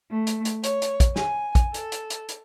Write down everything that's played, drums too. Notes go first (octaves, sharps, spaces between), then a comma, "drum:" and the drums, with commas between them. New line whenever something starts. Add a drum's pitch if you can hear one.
A3
drum: hi-hat
drum: hi-hat
C#5, drum: hi-hat
drum: hi-hat
drum: kick, hi-hat
G#5, drum: snare
drum: kick, hi-hat
A4, drum: hi-hat
drum: hi-hat
drum: hi-hat
drum: hi-hat